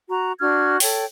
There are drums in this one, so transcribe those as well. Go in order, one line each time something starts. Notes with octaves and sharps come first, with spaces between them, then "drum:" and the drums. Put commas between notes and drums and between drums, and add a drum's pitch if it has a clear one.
F#4 A#5
D4 F#4 F6 G#6
A4 C#5 G5, drum: open hi-hat